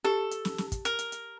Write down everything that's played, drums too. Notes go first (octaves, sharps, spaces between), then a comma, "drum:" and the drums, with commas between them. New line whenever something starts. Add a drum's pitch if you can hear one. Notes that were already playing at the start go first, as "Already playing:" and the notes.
G4 A4
drum: hi-hat
drum: snare
drum: snare
drum: kick, hi-hat
A#4, drum: hi-hat
drum: hi-hat
drum: hi-hat